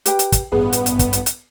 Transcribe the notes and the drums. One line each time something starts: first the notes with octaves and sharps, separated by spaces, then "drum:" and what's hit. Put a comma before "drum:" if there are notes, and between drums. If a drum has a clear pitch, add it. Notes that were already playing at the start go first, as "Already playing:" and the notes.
G4 B4 G5, drum: hi-hat
drum: hi-hat
drum: kick, hi-hat
A1 G2 B3 G#4
drum: hi-hat
drum: hi-hat
drum: kick, hi-hat
drum: hi-hat
drum: hi-hat